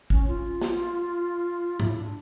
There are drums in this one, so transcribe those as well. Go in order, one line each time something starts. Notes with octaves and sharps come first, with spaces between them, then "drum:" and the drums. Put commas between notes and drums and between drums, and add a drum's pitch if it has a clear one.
C#4, drum: kick
F4
drum: snare
E4, drum: tom G#2
D4